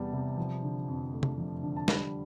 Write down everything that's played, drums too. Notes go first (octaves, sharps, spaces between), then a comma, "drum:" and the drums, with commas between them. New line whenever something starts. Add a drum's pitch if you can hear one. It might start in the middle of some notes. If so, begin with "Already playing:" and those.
Already playing: E2 C3 G3 B3 A5
C3
F3
D3
F2
A3
drum: tom C3
F3
D3
A5
G3 B5, drum: snare